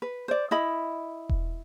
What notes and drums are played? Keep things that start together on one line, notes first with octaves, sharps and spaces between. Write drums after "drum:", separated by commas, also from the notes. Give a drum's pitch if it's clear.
B4
C5 D5
E4 D#5 B5
drum: kick E1